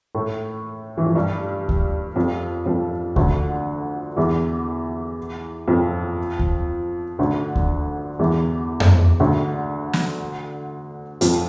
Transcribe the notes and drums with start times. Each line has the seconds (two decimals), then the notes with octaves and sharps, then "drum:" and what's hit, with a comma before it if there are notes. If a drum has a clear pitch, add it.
0.15 A2 A3
0.98 E3
1.06 F3
1.15 G2 G3
1.69 drum: kick D2
2.16 F2 F3
2.66 F2 F3
3.16 D2 D3, drum: kick D2
4.17 E2 E3
5.68 F2 F3
6.39 drum: kick D2
7.19 D2 D3
7.56 drum: kick D2
8.19 E2 E3
8.80 drum: tom F2
9.20 D2 D3
9.93 drum: snare
11.21 F2 F3, drum: hi-hat